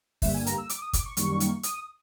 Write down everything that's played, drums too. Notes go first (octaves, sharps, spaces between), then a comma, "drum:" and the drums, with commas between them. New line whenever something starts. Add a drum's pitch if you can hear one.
G2 D3 G3 A#3 E5, drum: kick, open hi-hat
G#5
A#5, drum: hi-hat
E6
D6, drum: hi-hat
D#6
D6, drum: kick, hi-hat
C#6
F#2 D#3 G3 A#3 C#6, drum: hi-hat
drum: hi-hat
D#6, drum: hi-hat